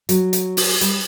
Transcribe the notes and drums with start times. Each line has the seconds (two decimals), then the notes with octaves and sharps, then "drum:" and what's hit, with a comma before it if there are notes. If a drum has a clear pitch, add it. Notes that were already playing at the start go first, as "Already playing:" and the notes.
0.09 F#3, drum: hi-hat
0.33 drum: hi-hat
0.57 drum: open hi-hat
0.81 G3, drum: hi-hat